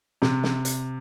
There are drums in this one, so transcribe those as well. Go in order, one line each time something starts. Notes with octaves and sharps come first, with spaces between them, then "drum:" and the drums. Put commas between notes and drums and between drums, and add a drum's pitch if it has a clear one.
C3, drum: snare
drum: snare
drum: hi-hat